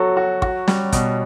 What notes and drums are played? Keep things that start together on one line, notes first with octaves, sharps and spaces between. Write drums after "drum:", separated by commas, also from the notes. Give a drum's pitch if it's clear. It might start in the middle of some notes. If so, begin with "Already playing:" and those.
Already playing: F#3 F#4 A4
F#4
F#4, drum: kick
G3, drum: snare
B2, drum: kick, hi-hat